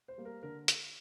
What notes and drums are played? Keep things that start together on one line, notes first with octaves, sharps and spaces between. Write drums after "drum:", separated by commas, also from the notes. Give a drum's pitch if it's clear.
C5
G3 A#3
A#4
D3 A#4
drum: hi-hat